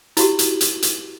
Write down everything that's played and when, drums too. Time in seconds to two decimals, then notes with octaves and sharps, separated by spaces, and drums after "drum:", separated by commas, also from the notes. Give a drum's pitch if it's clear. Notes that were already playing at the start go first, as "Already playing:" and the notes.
0.17 E4 F#4 G4, drum: hi-hat
0.39 drum: hi-hat
0.61 drum: hi-hat
0.82 drum: hi-hat